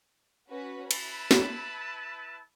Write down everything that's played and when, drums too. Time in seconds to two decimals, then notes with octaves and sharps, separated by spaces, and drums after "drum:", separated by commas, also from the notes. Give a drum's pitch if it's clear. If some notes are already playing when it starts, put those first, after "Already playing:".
0.48 C#4 F#4 B4
0.91 E4 B4 A5 B5, drum: cymbal
1.31 drum: snare